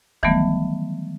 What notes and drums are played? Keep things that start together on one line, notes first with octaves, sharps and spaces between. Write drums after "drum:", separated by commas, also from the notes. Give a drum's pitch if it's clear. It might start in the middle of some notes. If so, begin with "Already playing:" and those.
D#3 E3 F#3 G3 A3 B3, drum: kick